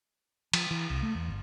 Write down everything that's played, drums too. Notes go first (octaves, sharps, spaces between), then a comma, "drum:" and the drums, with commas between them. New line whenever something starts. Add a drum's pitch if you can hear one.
F3, drum: cymbal
E3
C2
A3
E2
G1